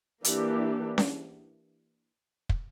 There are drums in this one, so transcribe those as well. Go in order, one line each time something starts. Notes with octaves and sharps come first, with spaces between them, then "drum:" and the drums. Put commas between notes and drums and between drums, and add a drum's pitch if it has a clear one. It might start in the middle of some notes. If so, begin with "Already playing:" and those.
E3 A#3 D4 G4, drum: hi-hat
drum: snare C#4
drum: kick